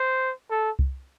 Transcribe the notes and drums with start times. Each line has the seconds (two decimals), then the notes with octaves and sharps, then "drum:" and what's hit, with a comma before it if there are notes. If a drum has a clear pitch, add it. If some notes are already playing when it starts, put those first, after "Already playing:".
Already playing: C5
0.50 A4
0.79 drum: kick C2